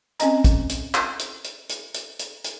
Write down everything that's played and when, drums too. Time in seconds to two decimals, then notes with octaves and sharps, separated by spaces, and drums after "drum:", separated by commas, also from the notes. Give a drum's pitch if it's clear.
0.20 C4 C#4 D#5 A#5, drum: hi-hat
0.44 drum: kick, hi-hat
0.69 drum: hi-hat
0.94 drum: clap
1.19 drum: hi-hat
1.44 drum: hi-hat
1.69 drum: hi-hat
1.94 drum: hi-hat
2.19 drum: hi-hat
2.44 drum: hi-hat